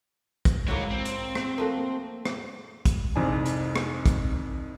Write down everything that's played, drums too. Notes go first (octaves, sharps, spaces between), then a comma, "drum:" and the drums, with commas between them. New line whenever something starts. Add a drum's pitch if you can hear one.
drum: kick, hi-hat
G#2 G#3 A#3 E4 F#4 C#5
C4
drum: hi-hat
drum: rim click
F3 A3 F#4 A#4
A#3
drum: rim click
drum: kick, hi-hat
C2 F2 G#2 D4 G#5
drum: hi-hat
drum: rim click
drum: kick, hi-hat